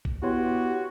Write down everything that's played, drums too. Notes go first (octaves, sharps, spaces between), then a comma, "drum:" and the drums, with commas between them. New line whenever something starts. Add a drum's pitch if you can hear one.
drum: kick A#1
B3 E4 F#4 G4 C#5 C6